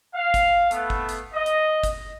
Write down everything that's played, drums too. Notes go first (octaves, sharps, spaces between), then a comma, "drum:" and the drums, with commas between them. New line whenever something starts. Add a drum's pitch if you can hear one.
F5
drum: kick, hi-hat
A3 B3, drum: hi-hat
drum: kick
drum: hi-hat
D#5
drum: hi-hat
drum: kick, hi-hat